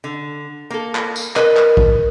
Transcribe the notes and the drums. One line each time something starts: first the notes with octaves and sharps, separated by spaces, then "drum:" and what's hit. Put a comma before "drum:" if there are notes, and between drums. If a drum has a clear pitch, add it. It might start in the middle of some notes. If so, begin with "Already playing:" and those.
D3
A#3 A4
drum: clap
drum: tambourine
A#4 B4 D5 D#5, drum: clap
drum: clap
drum: kick A#1